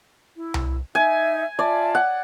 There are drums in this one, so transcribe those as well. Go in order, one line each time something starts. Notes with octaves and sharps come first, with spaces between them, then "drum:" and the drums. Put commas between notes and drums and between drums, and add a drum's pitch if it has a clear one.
E4
drum: tom C2
D#4 E5 G#5
F4 D5 E5 A5
F#5